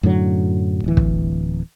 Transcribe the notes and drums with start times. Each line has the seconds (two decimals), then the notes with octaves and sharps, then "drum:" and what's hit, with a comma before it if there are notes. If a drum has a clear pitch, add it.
0.03 F#2 A2 D3 F#3
0.84 D1 E3
0.97 drum: kick